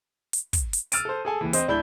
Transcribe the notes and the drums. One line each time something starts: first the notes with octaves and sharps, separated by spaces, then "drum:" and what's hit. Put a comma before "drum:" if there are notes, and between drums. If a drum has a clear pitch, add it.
drum: hi-hat
drum: kick, hi-hat
drum: hi-hat
E6 F6 A6 D7 D#7, drum: hi-hat
A4 C5
G#4 A4 G#5
D#2 E3
C4 C5 D#5, drum: hi-hat
D1 D4 E4 B5 G6 G7